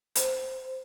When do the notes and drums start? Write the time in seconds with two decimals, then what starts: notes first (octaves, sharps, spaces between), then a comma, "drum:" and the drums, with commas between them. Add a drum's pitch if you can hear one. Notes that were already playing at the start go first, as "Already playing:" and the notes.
0.15 C5, drum: hi-hat